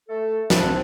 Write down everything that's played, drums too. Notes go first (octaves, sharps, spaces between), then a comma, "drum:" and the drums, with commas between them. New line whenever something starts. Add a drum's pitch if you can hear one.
A3 A4
C4 D4, drum: snare